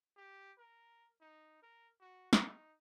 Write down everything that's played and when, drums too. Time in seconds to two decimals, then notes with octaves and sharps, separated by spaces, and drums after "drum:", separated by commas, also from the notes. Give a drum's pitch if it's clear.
0.17 G4
0.58 A#4
1.21 D#4
1.62 A#4
2.00 F#4
2.33 D#4, drum: snare